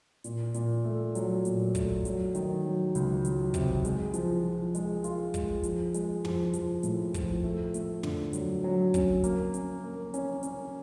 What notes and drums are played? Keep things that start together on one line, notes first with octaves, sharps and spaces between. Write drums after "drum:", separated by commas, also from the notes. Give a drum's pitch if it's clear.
A#2, drum: hi-hat
A#2, drum: hi-hat
A3
F#3, drum: hi-hat
A#2, drum: hi-hat
A3, drum: kick, hi-hat
F#3, drum: hi-hat
D#3, drum: hi-hat
F#3
C#2, drum: hi-hat
F#3, drum: hi-hat
C3, drum: kick, hi-hat
G#3, drum: hi-hat
F3, drum: hi-hat
F3
G#3, drum: hi-hat
F4, drum: hi-hat
G#3, drum: kick, hi-hat
F3, drum: hi-hat
G#3, drum: hi-hat
F3, drum: tom
F3, drum: hi-hat
A2, drum: hi-hat
F3, drum: kick, hi-hat
A3
A3, drum: hi-hat
D3, drum: tom
F#3, drum: hi-hat
F#3
C#4, drum: kick, hi-hat
A#3, drum: hi-hat
C#4, drum: hi-hat
A#3
C#4, drum: hi-hat
C#4, drum: hi-hat